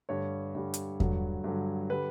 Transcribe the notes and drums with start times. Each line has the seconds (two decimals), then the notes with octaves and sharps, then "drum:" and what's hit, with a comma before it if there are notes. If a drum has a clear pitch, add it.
0.09 G2 D3 G3 C#5
0.55 G2 D3 G3
0.74 drum: hi-hat
1.00 G2 D3 F#3, drum: kick E2
1.44 G2 D3 F#3
1.90 D3 G3 B4